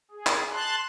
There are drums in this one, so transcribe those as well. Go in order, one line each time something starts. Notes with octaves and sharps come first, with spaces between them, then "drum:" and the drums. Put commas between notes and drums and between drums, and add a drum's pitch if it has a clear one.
G#4
drum: clap
A5 C6 F#6